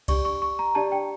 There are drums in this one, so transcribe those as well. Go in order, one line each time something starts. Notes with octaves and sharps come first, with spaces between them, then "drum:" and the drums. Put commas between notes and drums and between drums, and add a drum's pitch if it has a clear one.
D4 G4 D5 C#6, drum: kick C2, cymbal
C#6
C#6
A#5
D4 G4 D5 A5
G5